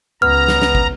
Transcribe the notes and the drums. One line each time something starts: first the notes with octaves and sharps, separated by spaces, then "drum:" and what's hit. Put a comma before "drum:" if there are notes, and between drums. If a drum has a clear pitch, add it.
C#2 B3 A#5 F6
drum: snare
drum: snare
drum: kick